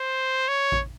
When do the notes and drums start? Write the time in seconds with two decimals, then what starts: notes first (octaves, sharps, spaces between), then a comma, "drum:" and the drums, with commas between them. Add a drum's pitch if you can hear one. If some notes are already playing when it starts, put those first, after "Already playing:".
Already playing: C5
0.48 C#5
0.72 drum: kick A1